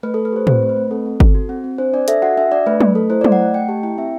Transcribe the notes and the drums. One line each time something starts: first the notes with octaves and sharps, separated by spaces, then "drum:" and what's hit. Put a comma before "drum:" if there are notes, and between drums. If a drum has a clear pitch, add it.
A3 B4
A4
A3
B4
G4 C5
C4 C5, drum: tom A2
A3
B4
A3
C4 A4
C4
A4, drum: kick G1
F#4
C4
C4
D4 C5
D4 D5
A4 E5, drum: hi-hat
F#4 F#5
D4 E5
D4 D5
A3 B4
A3, drum: tom F#3
A4
E4 C5
D5
A3, drum: tom F#3
F#5
A3
A3 G5
G4 A5
E4 G5
C4 E5